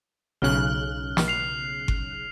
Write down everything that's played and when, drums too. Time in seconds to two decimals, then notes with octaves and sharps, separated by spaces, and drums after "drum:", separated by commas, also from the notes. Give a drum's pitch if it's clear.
0.42 B1 C#3 F6 F#6
1.17 drum: snare
1.28 C7 F7
1.88 drum: kick G1